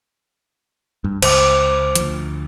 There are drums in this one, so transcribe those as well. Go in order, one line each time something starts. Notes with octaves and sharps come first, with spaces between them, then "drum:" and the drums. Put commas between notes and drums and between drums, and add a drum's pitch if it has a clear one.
G2
C#2 C5 D6, drum: cymbal
D2 F3, drum: hi-hat